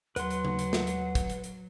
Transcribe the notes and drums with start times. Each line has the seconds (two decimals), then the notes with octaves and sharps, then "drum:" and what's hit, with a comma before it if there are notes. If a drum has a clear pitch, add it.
0.16 D#2 F#3 B4 F#5 C6, drum: hi-hat
0.30 drum: hi-hat
0.45 drum: tom C#3
0.59 drum: hi-hat
0.73 drum: snare
0.87 drum: hi-hat
1.15 drum: kick, hi-hat
1.30 drum: hi-hat
1.44 drum: hi-hat